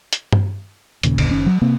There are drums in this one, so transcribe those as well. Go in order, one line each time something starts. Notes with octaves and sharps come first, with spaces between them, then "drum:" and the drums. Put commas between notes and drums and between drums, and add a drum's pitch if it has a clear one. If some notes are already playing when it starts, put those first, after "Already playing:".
drum: hi-hat
drum: tom G2
D#2 A#2 C#3, drum: hi-hat
F1 D2 A#2 C#3, drum: cymbal
F#1 D#3 C#4
F#3
C3 A#3 C4